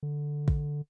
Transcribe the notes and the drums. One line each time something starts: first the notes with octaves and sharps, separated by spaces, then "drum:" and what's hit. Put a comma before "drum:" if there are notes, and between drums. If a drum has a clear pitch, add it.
D3
drum: kick A1